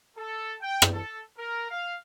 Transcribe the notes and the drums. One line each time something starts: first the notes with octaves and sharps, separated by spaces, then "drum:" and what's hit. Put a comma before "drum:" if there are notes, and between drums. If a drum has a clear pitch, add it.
A4
G5
drum: rim click
A4
A#4
F5